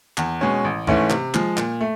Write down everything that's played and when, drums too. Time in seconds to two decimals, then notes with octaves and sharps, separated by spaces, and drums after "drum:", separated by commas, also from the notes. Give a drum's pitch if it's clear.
0.18 E2, drum: clap
0.41 B2 G#3 C#4
0.64 A1
0.87 G#2 E3 A3 C#4, drum: kick
1.10 C3, drum: clap
1.34 F3 G#3, drum: clap
1.57 A#2, drum: clap
1.81 A3